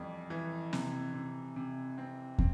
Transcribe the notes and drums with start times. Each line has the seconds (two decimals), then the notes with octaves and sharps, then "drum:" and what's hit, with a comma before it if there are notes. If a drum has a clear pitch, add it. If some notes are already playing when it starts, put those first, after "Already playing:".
Already playing: F2 E3 G3
0.30 E3
0.73 C3, drum: snare
1.14 C3
1.56 C3
1.98 C4
2.38 C4, drum: kick